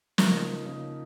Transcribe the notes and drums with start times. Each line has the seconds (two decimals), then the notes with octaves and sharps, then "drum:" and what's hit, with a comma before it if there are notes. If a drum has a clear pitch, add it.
0.18 C#3 F3 A#3 D#4, drum: snare
0.66 C#3 F3 A#3 D#4